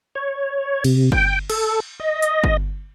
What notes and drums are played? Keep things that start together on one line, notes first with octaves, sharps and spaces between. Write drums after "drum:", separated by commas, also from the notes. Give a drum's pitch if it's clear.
C#5
C3, drum: cymbal
G5, drum: kick G1
A4, drum: cymbal
D#5
drum: hi-hat
drum: kick G1